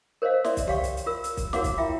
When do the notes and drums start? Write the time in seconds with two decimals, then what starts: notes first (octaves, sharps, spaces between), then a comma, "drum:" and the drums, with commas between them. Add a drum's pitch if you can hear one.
0.22 A#4 C5 C#5 D#5 F5
0.44 D5 E5 C6, drum: snare
0.57 drum: kick, hi-hat
0.67 G4 C#5 F5 G5 C#6, drum: tom C2
0.84 drum: hi-hat
0.97 drum: hi-hat
1.06 F4 A#4 E6
1.24 drum: hi-hat
1.37 drum: kick, hi-hat
1.53 F#4 A#4 C#5 F5 F#5 D6, drum: snare
1.64 drum: kick, hi-hat
1.77 E4 F4 E5 G5